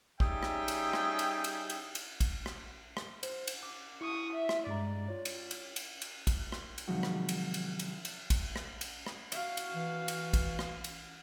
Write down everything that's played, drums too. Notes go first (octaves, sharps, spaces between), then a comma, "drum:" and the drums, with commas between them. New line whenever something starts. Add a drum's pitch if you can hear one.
G3 C#4 D#4 G#4 E5 G5, drum: kick
drum: rim click
drum: cymbal
drum: rim click
drum: cymbal
drum: cymbal
drum: cymbal
drum: cymbal
drum: kick, cymbal
drum: rim click
drum: rim click
C5, drum: cymbal
drum: cymbal
D6
E4 C#6 D#6
E5
drum: rim click
G2 G#3 D5 A#5
F4 C#5
drum: cymbal
drum: cymbal
drum: cymbal
drum: cymbal
drum: kick, cymbal
drum: rim click
drum: cymbal
C3 D#3 F3 F#3 G#3 F#4
drum: rim click
drum: cymbal
drum: cymbal
drum: cymbal
drum: cymbal
drum: kick, cymbal
drum: rim click
drum: cymbal
drum: rim click
F#4 F5, drum: cymbal
drum: cymbal
E3
drum: cymbal
drum: kick, cymbal
drum: rim click
drum: cymbal